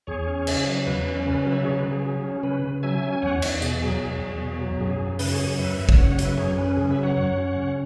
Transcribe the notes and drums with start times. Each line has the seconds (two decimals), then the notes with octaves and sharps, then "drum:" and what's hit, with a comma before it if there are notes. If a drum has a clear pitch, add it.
0.07 E2 G#4 C#5
0.27 C#4
0.47 C#3, drum: cymbal
0.67 F#3
0.87 E2 B4
1.07 C#4
1.26 C#3 B4
1.39 B4
1.45 F#3
1.52 B4 E5
1.65 C#3 G#4 C#5
1.78 B4
1.84 C#3
1.91 G#4
2.05 F#3
2.24 C#4
2.43 C#3 B4
2.64 C#3
2.83 F#3 E5 G#5
3.03 C#4
3.13 G#5
3.22 E2 C#5 F#5
3.42 E2, drum: cymbal
3.62 B2 G#4, drum: tambourine
3.82 F#3 G#4
4.01 E2
4.22 E2
4.41 B2
4.60 F#3
4.80 F#2 G#4
5.00 F#2
5.19 C#3 B4, drum: open hi-hat
5.32 G#4 C#5
5.39 F#3
5.58 F#2 B4 E5
5.79 F#2
5.89 drum: kick
5.98 C#3 C#5 F#5
6.12 C#5 F#5
6.19 F#3, drum: hi-hat
6.25 B4 E5
6.37 F#2 G#4 C#5
6.58 C#4 B4
6.77 C#3 G#4
6.90 B4 E5
6.97 F#3
7.03 C#5 F#5
7.17 F#2 C#5 F#5
7.36 C#4
7.56 C#3